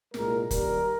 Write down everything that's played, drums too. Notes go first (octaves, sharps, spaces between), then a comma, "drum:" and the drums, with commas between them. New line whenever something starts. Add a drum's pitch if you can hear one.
C2 A#2 G#3 A#4, drum: snare
D#2 D#3 G3 A#4, drum: kick F1, hi-hat